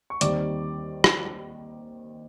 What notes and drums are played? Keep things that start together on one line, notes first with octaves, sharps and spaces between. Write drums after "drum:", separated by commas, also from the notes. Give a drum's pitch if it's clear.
C#6
D#2 D#3 G3 C4 D5 D6, drum: hi-hat
drum: rim click